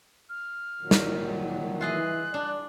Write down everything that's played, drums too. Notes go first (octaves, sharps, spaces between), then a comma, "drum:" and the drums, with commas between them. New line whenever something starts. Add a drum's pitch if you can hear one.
F6
A#2 D#3 F#3
drum: snare
E3 F4 G#4 D#5 E5 F#6
D4 D5